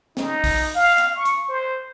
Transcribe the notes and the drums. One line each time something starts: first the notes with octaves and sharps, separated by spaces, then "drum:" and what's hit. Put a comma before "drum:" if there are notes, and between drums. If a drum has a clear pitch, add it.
D#4, drum: snare
drum: kick, open hi-hat
F5
drum: hi-hat
C#6
drum: hi-hat
C5